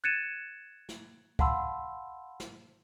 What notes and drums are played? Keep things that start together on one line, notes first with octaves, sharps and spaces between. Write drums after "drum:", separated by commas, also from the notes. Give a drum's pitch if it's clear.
F#6 G#6 A6 C#7 D#7 E7
drum: snare
F5 F#5 A5 B5 C6 E6, drum: kick C2
drum: snare